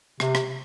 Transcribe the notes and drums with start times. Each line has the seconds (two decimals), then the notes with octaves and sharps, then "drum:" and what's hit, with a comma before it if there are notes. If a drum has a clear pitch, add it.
0.20 C3, drum: rim click
0.35 drum: rim click